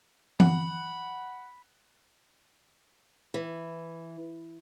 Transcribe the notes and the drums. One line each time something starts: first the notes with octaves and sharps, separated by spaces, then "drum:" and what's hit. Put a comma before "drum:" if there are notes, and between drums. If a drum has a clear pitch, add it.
F#5 B5, drum: tom E3
E3